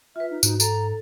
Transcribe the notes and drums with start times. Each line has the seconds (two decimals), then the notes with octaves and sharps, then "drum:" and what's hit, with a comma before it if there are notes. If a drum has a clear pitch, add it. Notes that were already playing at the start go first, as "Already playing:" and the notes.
0.16 F4 B4 E5
0.31 D#4
0.43 G#2 D#4 F#4, drum: tambourine
0.60 A4 A#5, drum: tambourine